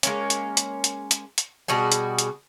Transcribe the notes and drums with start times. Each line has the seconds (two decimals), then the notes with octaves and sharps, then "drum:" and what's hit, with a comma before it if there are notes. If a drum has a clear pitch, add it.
0.03 G#3 A#3 C#4, drum: hi-hat
0.30 drum: hi-hat
0.57 drum: hi-hat
0.84 drum: hi-hat
1.11 drum: hi-hat
1.38 drum: hi-hat
1.68 B2 G3 F#4 G#4
1.92 drum: hi-hat
2.19 drum: hi-hat